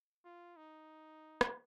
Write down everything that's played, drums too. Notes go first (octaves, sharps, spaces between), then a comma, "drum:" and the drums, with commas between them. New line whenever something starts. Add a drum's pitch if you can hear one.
F4
D#4
drum: rim click